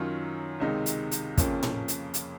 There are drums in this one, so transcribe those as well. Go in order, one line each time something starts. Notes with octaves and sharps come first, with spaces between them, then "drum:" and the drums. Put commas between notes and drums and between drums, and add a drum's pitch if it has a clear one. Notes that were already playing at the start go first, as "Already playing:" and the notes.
Already playing: F#2 D#3 F#3 C#4 F4
C#2 C3 D#3 G#3 D#4
drum: hi-hat
drum: hi-hat
F2 C#3 F3 A#3 C#4, drum: kick, hi-hat
drum: tom A2
drum: hi-hat
drum: hi-hat